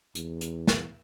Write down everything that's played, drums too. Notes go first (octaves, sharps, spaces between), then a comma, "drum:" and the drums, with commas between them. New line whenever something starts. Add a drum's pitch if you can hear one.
E2, drum: hi-hat
drum: hi-hat
drum: snare